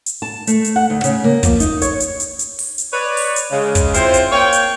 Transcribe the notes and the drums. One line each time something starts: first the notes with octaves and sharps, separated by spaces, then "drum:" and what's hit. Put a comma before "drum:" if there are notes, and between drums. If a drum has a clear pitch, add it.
drum: hi-hat
A5
A3, drum: hi-hat
drum: hi-hat
F#5
D2
C#3, drum: hi-hat
A#3
F3, drum: kick, hi-hat
D#4, drum: hi-hat
C#5, drum: hi-hat
drum: hi-hat
drum: hi-hat
drum: hi-hat
drum: open hi-hat
drum: hi-hat
B4 C#5 D5
drum: open hi-hat
drum: hi-hat
C#3 G#3
drum: kick, hi-hat
C4 E4 F4 C5, drum: hi-hat
drum: hi-hat
A#3 C#5 G5
drum: hi-hat